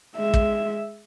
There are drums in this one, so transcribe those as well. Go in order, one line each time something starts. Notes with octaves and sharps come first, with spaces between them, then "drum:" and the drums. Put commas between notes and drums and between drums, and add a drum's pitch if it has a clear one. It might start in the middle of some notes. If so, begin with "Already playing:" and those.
G#3 E5
drum: kick